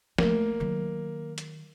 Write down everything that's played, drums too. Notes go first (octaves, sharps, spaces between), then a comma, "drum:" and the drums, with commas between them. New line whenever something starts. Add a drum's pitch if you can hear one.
A3 A#3 D4, drum: snare
D#3 F#3
drum: hi-hat